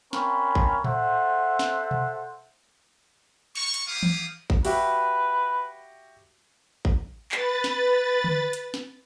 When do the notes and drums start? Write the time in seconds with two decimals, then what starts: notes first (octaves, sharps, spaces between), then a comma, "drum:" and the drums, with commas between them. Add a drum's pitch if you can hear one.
0.13 C4 C#4 A#4 F5 B5 C#6, drum: snare
0.55 drum: kick A1
0.84 A4 C5 E5 F#5, drum: tom A2
1.59 drum: snare
1.91 drum: tom B2
3.55 C#6, drum: cymbal
3.74 drum: hi-hat
3.87 B3 E4 G4 F5 D6 D#6
4.03 drum: tom
4.50 drum: kick A1
4.65 F#4 G4 B4 E5, drum: open hi-hat
6.85 drum: kick A1
7.32 B4 A6, drum: clap
7.64 drum: snare
8.24 drum: tom D3
8.53 drum: hi-hat
8.74 drum: snare